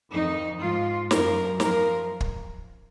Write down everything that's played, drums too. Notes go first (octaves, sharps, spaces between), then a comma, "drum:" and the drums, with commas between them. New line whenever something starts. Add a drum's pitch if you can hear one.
F2 D#3 D#4
G#2 F3 F4
F#2 F3 A#4, drum: snare
F#2 F3 A#4, drum: snare
drum: kick